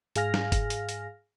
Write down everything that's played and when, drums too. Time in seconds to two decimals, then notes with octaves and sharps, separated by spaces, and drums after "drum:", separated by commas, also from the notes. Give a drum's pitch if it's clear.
0.16 G#2 G#4 F5 G#5 F6 A#6, drum: hi-hat
0.34 drum: snare
0.52 drum: kick G1, hi-hat
0.70 drum: hi-hat
0.89 drum: hi-hat